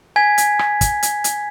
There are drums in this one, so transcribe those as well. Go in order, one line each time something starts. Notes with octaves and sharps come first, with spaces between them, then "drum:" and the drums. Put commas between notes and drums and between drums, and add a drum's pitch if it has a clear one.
G#5 G#6 B6
drum: hi-hat
drum: rim click
drum: kick, hi-hat
drum: hi-hat
drum: hi-hat